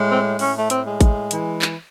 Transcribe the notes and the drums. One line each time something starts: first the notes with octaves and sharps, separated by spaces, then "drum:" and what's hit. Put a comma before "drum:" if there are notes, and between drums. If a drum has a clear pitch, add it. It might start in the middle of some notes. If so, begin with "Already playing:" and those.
Already playing: A2 G#3
C4
A2 C#4, drum: open hi-hat
A3
C4, drum: hi-hat
G#3
drum: kick A1, hi-hat
E3, drum: hi-hat
drum: clap